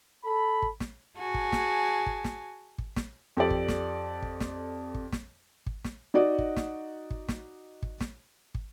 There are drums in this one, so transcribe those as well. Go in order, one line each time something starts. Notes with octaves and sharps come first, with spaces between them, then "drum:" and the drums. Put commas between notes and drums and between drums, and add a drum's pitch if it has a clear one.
A4 B5
drum: kick
drum: snare
F#4 G#4 G#5 A5
drum: kick
drum: snare
drum: kick
drum: snare
drum: kick
drum: snare
F2 G4 A4 D5
drum: kick
drum: snare
drum: kick
drum: snare
drum: kick
drum: snare
drum: kick
drum: snare
D#4 F#4 D5 D#5
drum: kick
drum: snare
drum: kick
drum: snare
drum: kick
drum: snare
drum: kick